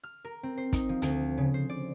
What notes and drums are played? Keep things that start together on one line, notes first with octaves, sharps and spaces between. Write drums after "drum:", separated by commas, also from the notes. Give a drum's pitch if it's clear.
F6
A#4
C4
C5
D#4, drum: kick, hi-hat
F3
D2, drum: hi-hat
C#3
C5
D5